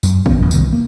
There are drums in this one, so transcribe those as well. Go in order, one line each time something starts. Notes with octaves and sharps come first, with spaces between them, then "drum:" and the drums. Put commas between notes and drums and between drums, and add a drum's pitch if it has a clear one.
F#2, drum: tambourine
D#3 A3 B3 C#4, drum: kick
A1 F2 B2 E3
C2 D#3 E3, drum: tambourine
A#3